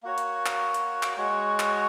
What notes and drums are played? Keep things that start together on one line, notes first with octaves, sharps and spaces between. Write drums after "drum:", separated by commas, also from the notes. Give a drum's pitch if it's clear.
A#3 F#4 C#5
drum: hi-hat
drum: clap
drum: hi-hat
drum: clap
G#3 F#4 C#5
drum: clap